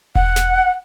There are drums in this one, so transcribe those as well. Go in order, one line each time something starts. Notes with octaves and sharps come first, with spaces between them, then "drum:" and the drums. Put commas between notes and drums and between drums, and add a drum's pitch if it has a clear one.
F#5, drum: kick E1
drum: snare